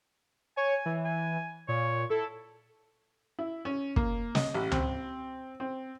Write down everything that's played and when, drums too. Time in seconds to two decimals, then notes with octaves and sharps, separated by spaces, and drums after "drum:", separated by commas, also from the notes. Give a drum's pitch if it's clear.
0.57 C#5 G#5
0.86 E3
1.05 G#5
1.68 A#2 C#5
2.10 E4 A4
3.39 E4
3.65 C#4
3.96 A#3, drum: kick
4.35 D#5, drum: snare
4.54 A1
4.72 C4, drum: tom C#2
5.60 C4